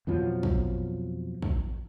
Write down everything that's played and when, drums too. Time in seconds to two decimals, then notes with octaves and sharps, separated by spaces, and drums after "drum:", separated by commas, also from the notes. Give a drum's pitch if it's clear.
0.07 F2 B2 F3 F#3
0.43 drum: kick
1.42 drum: kick